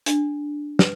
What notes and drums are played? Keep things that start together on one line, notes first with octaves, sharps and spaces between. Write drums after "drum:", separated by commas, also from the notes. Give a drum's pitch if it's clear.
D4, drum: hi-hat
B4, drum: snare